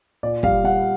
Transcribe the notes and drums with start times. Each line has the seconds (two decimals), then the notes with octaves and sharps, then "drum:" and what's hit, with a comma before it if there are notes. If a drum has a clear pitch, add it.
0.23 A#2 D5
0.43 G3 F5, drum: kick
0.64 G3 F#5